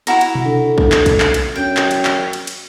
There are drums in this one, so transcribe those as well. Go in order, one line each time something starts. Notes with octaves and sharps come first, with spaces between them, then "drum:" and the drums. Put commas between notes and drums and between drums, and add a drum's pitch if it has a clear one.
E4 F#4 A#5, drum: cymbal
drum: cymbal
drum: tom B2
D3
drum: kick A#1
drum: clap
drum: kick A#1, cymbal
drum: clap
drum: cymbal
F#2 G5
drum: clap
drum: cymbal
drum: clap
drum: cymbal
drum: cymbal